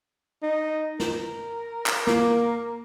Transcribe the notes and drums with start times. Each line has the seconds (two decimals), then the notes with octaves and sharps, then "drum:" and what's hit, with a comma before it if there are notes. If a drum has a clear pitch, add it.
0.43 D#4
1.00 A#4, drum: snare
1.86 drum: clap
2.07 A#3, drum: snare